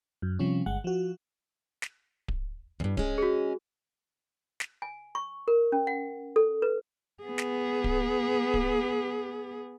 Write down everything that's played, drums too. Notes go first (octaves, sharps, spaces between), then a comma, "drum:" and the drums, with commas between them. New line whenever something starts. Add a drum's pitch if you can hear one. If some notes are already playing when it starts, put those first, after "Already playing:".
F#2
C3 F3 G3 C#4
G1 G#3 F#5
F3 F#4
drum: snare
drum: kick D1
E2 G2
G#3 C#4, drum: kick D1
F#4 G#4
drum: snare
G#5
C#6
A#4
C#4
F#5
A4
B4
B3 G#4
drum: snare
drum: kick D1
drum: kick D1